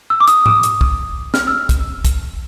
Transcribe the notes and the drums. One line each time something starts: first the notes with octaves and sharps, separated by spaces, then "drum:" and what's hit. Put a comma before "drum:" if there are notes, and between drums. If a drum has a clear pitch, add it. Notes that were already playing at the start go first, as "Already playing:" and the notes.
E6
D6
D#6, drum: hi-hat
drum: tom G#2
drum: hi-hat
drum: kick
F6, drum: snare
E6
drum: kick, hi-hat
drum: kick, hi-hat